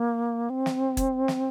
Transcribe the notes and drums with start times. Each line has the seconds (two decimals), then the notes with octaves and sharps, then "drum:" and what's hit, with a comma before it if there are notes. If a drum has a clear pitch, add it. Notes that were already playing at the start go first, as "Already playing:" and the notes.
Already playing: A#3
0.50 C4
0.66 drum: snare
0.97 drum: kick, hi-hat
1.28 drum: snare